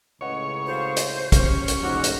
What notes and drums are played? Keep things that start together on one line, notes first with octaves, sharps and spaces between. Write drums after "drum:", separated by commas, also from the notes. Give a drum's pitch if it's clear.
C#2 A2 C#3 B4 C#5 D#5 F#5
F#4 A4 C5 F5
drum: hi-hat
C#4 G4 C#5, drum: kick, hi-hat
drum: hi-hat
D#1 G#2 D#4 F#4 D6
drum: hi-hat